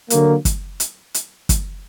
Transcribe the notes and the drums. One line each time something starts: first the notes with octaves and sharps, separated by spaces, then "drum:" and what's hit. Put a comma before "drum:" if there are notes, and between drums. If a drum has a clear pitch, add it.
D3 F#3 A#3, drum: hi-hat
drum: kick, hi-hat
drum: hi-hat
drum: hi-hat
drum: kick, hi-hat